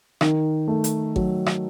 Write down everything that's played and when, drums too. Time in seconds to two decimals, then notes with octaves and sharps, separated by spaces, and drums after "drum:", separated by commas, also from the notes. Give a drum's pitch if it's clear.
0.21 D#3, drum: rim click
0.68 A3
0.84 drum: hi-hat
1.16 F#3, drum: kick G#1
1.46 drum: rim click